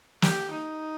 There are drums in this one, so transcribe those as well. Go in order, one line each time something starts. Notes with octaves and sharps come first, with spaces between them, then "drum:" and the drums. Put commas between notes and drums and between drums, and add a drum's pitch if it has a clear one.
G4, drum: snare
D#4